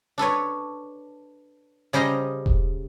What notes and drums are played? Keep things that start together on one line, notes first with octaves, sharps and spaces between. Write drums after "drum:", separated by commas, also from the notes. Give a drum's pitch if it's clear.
D4 A4 B4 C#5
C#3 G3 C5 D#5 A#5
drum: kick E1